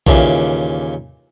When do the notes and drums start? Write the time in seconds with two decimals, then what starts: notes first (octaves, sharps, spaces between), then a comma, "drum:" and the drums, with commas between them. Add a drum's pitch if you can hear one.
0.07 D#2 A#2 C#3 E3, drum: kick B1